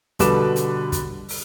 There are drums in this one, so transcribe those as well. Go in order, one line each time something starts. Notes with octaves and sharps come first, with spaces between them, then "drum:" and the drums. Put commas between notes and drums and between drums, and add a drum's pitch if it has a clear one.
B2 D3 G3 B4 D6 E7, drum: kick, hi-hat
drum: hi-hat
drum: kick, hi-hat
drum: open hi-hat